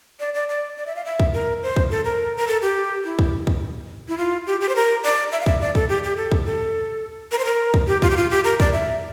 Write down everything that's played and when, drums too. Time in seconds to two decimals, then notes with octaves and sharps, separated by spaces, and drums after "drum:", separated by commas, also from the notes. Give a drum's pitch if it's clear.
0.20 D5
0.34 D5
0.49 D5
0.77 D5
0.86 E5
0.95 F5
1.05 E5
1.20 drum: kick
1.34 A#4
1.63 C5
1.76 drum: kick
1.91 A4
2.05 A#4
2.37 A#4
2.48 A4
2.62 G4
3.04 E4
3.19 drum: kick
3.47 drum: kick
4.08 E4
4.18 F4
4.47 G4
4.61 G4
4.69 C5
4.76 A#4
5.04 D5
5.32 E5
5.41 F5
5.46 E5, drum: kick
5.61 D5
5.75 A4, drum: kick
5.89 G4
6.03 G4
6.17 A4
6.32 drum: kick
6.45 A4
7.32 A#4
7.39 C5
7.45 A#4
7.74 drum: kick
7.87 G4
8.02 F4, drum: kick
8.10 G4
8.17 F4
8.30 G4
8.44 A#4
8.60 D5, drum: kick
8.73 E5